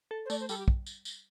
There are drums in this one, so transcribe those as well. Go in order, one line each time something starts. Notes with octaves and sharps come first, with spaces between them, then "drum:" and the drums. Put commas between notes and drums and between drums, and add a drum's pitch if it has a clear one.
A4
C5
A3 D5, drum: tambourine
C5
G3 A4, drum: tambourine
G4
drum: kick
drum: tambourine
drum: tambourine